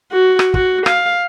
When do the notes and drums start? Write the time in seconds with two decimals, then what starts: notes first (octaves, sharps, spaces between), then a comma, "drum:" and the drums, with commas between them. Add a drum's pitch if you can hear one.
0.12 F#4
0.39 drum: rim click
0.54 F#4, drum: kick
0.86 F5, drum: rim click